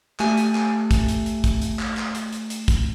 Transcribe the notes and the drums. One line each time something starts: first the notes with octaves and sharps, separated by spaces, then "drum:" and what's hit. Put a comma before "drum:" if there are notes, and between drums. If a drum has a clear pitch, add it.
A3 G4 G#5, drum: clap
drum: hi-hat
drum: clap
drum: kick, hi-hat
drum: hi-hat
drum: hi-hat
drum: kick, hi-hat
drum: hi-hat
drum: clap
drum: clap
drum: hi-hat
drum: hi-hat
drum: hi-hat
drum: kick, hi-hat